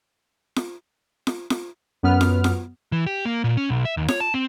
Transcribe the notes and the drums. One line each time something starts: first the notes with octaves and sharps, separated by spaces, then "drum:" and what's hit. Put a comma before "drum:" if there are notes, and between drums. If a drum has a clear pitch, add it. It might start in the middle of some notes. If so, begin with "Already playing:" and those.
drum: snare F4
drum: snare F4
drum: snare F4
F#2 B3 F6
drum: snare F4
drum: snare F4
E3
G4
A#3
A#2
C#4
B1
E5
D#2
C#5, drum: snare F4
A5
C4